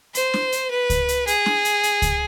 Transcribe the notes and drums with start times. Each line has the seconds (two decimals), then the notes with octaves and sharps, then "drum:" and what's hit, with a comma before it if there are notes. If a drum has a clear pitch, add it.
0.15 C5, drum: hi-hat
0.34 drum: snare
0.52 drum: hi-hat
0.71 B4
0.90 drum: kick C#2, hi-hat
1.08 drum: hi-hat
1.27 G#4, drum: hi-hat
1.46 drum: snare
1.65 drum: hi-hat
1.83 drum: hi-hat
2.02 drum: kick C#2, hi-hat